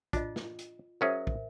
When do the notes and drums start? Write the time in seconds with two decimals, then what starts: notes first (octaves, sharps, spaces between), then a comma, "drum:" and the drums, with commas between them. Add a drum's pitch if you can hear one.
0.13 D4 F4 D#5, drum: kick, hi-hat
0.36 drum: snare
0.59 drum: hi-hat
1.01 F#3 C#4 G#4 A#4 C5 E5
1.27 drum: kick